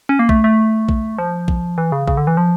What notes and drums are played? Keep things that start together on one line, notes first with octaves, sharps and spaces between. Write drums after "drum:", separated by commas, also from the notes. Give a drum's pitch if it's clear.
C#4
A#3
A3, drum: kick A#1
A3
drum: kick A#1
F3
drum: kick A#1
E3
C#3
C#3, drum: kick A#1
D3
E3
F3